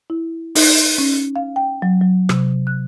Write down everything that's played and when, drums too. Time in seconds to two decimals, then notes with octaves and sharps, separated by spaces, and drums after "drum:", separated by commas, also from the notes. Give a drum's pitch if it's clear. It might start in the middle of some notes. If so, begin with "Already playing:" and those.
0.10 E4
0.55 D#4, drum: open hi-hat
0.98 C#4
1.36 F5
1.56 G5
1.82 F#3
2.01 F#3
2.29 C3, drum: rim click
2.67 F#6